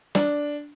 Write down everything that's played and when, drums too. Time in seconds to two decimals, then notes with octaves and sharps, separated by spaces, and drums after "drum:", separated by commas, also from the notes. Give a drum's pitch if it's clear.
0.15 D4, drum: snare